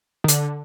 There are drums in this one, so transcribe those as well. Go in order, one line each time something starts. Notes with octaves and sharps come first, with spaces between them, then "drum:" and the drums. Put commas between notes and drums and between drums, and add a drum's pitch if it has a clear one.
D#3
D3, drum: hi-hat